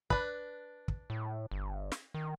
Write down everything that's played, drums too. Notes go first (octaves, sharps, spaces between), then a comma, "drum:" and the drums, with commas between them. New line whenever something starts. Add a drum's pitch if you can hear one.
D4 B4, drum: kick
drum: kick
A2
G1
drum: snare
D#3